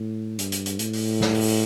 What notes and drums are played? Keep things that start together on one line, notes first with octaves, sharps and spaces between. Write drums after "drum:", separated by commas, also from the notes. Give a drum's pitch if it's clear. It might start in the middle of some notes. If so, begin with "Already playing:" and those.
Already playing: A2
G2, drum: hi-hat
drum: hi-hat
drum: hi-hat
A2, drum: hi-hat
drum: open hi-hat
drum: snare
drum: open hi-hat
drum: open hi-hat